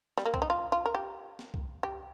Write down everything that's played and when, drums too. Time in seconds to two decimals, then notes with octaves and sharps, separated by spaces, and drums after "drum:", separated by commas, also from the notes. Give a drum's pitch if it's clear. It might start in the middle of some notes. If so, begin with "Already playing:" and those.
0.18 G3, drum: snare
0.25 A#3
0.34 C4, drum: kick C2
0.42 D#4
0.50 F4
0.72 F4
0.86 A#4
0.95 G4
1.39 drum: snare
1.54 drum: kick C2
1.83 G4